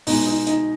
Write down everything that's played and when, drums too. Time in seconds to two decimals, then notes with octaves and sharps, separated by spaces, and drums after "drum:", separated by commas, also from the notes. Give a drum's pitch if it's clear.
0.07 B2 G#3 D#4, drum: open hi-hat
0.27 D#4
0.47 D#4, drum: hi-hat